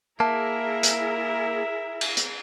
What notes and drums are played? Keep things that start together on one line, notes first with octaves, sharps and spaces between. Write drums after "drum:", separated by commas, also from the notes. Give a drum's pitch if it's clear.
A#3 E4 G#4 A#4 E5 A5
drum: hi-hat
drum: cymbal
drum: hi-hat